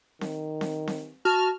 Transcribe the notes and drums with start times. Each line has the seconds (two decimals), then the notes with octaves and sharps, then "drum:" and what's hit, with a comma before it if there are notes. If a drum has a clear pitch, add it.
0.21 D#3, drum: snare C4
0.61 drum: snare C4
0.87 drum: snare C4
1.25 F#4 A5 F6